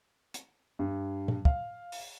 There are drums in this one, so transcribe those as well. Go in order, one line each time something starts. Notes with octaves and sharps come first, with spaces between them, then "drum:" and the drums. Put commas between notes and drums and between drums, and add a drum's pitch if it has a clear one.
drum: hi-hat
G2
drum: tom A#2
F5, drum: kick
drum: open hi-hat